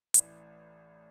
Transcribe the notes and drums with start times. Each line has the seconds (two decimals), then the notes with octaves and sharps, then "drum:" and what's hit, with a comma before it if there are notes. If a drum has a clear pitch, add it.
0.14 A1 A2 E3 D5 E5, drum: hi-hat